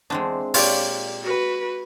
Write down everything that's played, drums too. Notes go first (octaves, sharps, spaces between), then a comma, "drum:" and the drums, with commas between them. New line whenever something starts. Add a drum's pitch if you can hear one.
E2 G#3 C4 D4
A#2 F4 G4 C#5 D5, drum: open hi-hat
F#4 B4